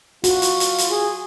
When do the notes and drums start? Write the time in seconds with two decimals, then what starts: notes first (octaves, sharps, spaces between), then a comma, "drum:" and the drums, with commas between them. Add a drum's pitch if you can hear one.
0.24 F4 F#4, drum: hi-hat
0.42 drum: hi-hat
0.60 drum: hi-hat
0.78 drum: hi-hat
0.90 G#4